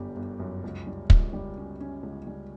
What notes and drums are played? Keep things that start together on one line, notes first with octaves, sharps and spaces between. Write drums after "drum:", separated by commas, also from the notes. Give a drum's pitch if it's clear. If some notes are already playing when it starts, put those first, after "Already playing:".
Already playing: G1 F#2 D3 G3
G1
F#2
C#2
G3
C#2, drum: kick
G3
C#4
C#4
C#2
G3